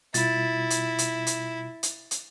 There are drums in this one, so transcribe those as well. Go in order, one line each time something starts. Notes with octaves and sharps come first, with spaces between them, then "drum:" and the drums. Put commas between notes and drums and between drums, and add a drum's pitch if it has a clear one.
B2 G3 E4 F4 A6, drum: hi-hat
drum: hi-hat
drum: hi-hat
drum: hi-hat
drum: hi-hat
drum: hi-hat